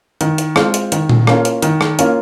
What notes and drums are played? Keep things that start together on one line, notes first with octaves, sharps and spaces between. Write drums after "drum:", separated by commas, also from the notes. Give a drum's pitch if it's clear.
D#3, drum: hi-hat
drum: hi-hat
G#3 C4 F4, drum: rim click
drum: hi-hat
D#3, drum: hi-hat
drum: tom A#2
A#3 C#4 F4, drum: rim click
drum: hi-hat
D#3, drum: hi-hat
drum: rim click
A#3 C#4 F4, drum: hi-hat